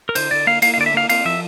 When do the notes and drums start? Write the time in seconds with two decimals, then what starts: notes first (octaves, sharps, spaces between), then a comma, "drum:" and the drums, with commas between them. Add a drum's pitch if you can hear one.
0.09 A#4
0.15 D3 C5, drum: cymbal
0.31 D3 D5
0.47 A#3 F5
0.62 A#3 F5, drum: cymbal
0.74 F5
0.78 D3 D5
0.86 E5
0.94 A#3 F5
1.09 C4 F5, drum: cymbal
1.25 F3 E5